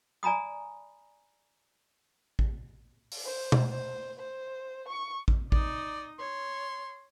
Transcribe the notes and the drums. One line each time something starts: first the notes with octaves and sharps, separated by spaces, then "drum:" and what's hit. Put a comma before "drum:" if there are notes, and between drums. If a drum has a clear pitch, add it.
D5 G#5 A#5 B5 D#6
drum: kick A1
drum: open hi-hat
C5
drum: tom B2
C5
C5
C#6
drum: kick A1
D#4 D5 D#5, drum: kick A1
C#5 C6